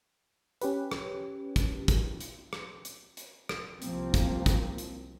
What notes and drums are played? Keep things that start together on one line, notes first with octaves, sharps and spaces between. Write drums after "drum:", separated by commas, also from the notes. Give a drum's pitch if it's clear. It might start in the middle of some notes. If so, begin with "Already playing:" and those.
C#4 G4 B4, drum: hi-hat
drum: rim click
drum: kick, hi-hat
drum: kick, hi-hat
drum: hi-hat
drum: rim click
drum: hi-hat
drum: hi-hat
drum: rim click
C2 F3 A#3 C4, drum: hi-hat
drum: kick, hi-hat
drum: kick, hi-hat
drum: hi-hat